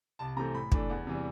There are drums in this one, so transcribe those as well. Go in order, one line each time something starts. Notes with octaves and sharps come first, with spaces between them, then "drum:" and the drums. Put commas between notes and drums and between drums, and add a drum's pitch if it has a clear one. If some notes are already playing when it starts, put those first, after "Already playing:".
C2 A5
C3 E3 A3 C4 A#5
A2 B5
E3 A3 D4, drum: kick
E2
C3 E3 G3